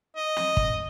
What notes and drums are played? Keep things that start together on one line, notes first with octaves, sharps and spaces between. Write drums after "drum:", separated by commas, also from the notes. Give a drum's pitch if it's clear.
D#5
drum: snare
drum: kick